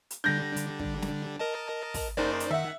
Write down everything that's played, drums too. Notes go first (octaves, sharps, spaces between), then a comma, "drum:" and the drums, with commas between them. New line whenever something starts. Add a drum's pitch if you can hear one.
drum: hi-hat
D3 G3 D4 G6 A#6
drum: hi-hat
drum: kick
drum: snare
A#4 D#5 A5
drum: kick, open hi-hat
F#1 D#4 C5 D5
drum: hi-hat
D#3 E5 F#5